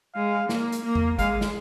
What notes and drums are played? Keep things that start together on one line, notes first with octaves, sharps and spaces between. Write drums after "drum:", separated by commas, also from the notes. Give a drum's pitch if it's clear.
G#3 F5
A#3, drum: snare
drum: hi-hat
A#3
drum: tom E2
G#3 F5, drum: kick, hi-hat
drum: snare